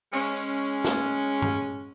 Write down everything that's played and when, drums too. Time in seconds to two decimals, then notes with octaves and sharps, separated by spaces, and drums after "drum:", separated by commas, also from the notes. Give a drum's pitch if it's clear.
0.13 G#3 C#4, drum: open hi-hat
0.84 drum: snare
1.42 drum: tom G2